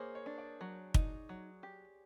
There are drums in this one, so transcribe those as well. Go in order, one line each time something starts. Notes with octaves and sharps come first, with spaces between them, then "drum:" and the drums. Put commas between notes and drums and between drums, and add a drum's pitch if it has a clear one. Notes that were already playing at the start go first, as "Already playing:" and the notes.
Already playing: A#3 G#4 C5 C#5
C#5
D4
D5
F#3
D#4, drum: kick
F#3
G4